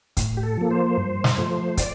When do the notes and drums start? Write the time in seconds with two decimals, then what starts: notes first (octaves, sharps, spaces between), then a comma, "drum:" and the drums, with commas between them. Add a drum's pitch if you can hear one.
0.17 A2, drum: kick, hi-hat
0.37 G4
0.43 A4
0.57 F3 A#3
0.71 C5
0.97 G2
1.24 drum: snare
1.38 F3 A3
1.77 D5, drum: kick, hi-hat